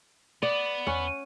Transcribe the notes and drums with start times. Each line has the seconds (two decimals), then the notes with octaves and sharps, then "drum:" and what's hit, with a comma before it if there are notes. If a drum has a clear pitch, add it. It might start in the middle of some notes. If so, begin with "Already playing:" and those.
0.43 B3 D5
0.87 C#4 F#5, drum: tom E2